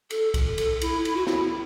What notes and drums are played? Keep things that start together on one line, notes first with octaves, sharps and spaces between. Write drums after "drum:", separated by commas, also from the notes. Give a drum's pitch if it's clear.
A4, drum: cymbal
drum: kick B1, cymbal
A4, drum: cymbal
E4, drum: cymbal
E4, drum: cymbal
F#4
E4, drum: snare